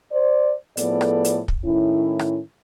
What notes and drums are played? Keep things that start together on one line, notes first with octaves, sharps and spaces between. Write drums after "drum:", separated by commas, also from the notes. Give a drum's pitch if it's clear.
C5 D5
A2 F3 B3 G#4 A4 D5, drum: hi-hat
drum: rim click
drum: hi-hat
drum: kick
A2 D#3 C#4 E4
drum: rim click